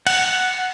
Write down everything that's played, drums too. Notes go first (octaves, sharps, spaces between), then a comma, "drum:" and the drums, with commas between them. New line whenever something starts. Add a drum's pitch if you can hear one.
F#5, drum: cymbal